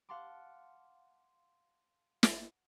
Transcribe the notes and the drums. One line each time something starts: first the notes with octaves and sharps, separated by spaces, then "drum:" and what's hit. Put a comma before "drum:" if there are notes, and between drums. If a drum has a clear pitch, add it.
F5 F#5 A5 C6 D6
drum: snare